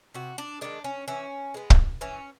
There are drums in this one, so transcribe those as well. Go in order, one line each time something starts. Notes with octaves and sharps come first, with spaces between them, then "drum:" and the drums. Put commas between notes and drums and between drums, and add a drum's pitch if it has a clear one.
C3 F#4
D4
D#3 G#3 D4
C#4
E3 C#4
G#3 B3
drum: kick
E3 C#4